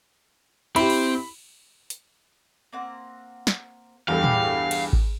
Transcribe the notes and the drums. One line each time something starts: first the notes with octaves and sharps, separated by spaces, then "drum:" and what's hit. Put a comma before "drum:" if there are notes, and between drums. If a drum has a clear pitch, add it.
C4 E4 G4 B5, drum: cymbal
drum: cymbal
drum: hi-hat
A#3 C4 F#5
drum: snare
E2 G2 G4 A4 D5 F5
drum: tom A2
drum: cymbal
drum: kick G#1